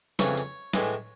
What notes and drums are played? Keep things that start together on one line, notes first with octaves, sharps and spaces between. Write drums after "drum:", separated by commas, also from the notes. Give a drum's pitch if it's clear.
F2 C#3 E3 C#5, drum: snare
drum: hi-hat
A2 E3 G#3, drum: snare